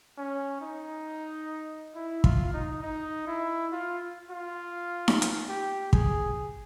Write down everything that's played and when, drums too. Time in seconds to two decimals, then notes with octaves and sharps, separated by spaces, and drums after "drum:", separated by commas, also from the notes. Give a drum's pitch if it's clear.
0.17 C#4
0.61 D#4
1.95 E4
2.24 F4, drum: kick
2.53 D#4
2.82 D#4
3.27 E4
3.72 F4
4.30 F4
5.08 drum: snare D#4
5.22 drum: hi-hat
5.49 G4
5.93 G#4, drum: kick